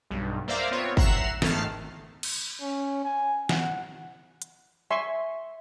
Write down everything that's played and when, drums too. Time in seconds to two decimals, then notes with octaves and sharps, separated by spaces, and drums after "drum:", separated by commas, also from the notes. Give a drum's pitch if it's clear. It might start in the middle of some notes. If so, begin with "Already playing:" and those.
0.10 B1 G2
0.48 A#3 C5 D5 E5 F5 A#5
0.71 B3 C4 F4 C#5
0.97 E5 F#5 A#5 F#6 C7 E7, drum: kick
1.42 G#1 D#3 A3 A5 F6 C7, drum: snare
2.23 drum: cymbal
2.61 C#4
3.05 G#5
3.49 F#5, drum: snare
4.42 drum: hi-hat
4.90 E5 G#5 C6 C#6